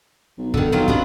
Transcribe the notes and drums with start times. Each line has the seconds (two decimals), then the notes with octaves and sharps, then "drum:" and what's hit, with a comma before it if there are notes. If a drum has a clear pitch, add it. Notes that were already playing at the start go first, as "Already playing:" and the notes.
0.38 B1
0.54 D3 D#3, drum: kick
0.72 B1 D#3 F#3 F4
0.88 C3 B3 D4 A#5, drum: kick